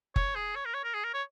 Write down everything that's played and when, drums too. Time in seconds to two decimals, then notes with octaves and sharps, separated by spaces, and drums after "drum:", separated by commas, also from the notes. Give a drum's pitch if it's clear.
0.16 C#5, drum: kick F#1
0.35 G#4
0.56 C#5
0.65 A#4
0.74 C#5
0.84 A#4
0.94 G#4
1.04 A#4
1.14 C#5